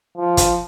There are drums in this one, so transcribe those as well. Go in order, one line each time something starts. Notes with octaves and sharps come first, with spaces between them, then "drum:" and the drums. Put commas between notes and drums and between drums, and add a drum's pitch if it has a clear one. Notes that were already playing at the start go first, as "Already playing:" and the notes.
F3
drum: kick, hi-hat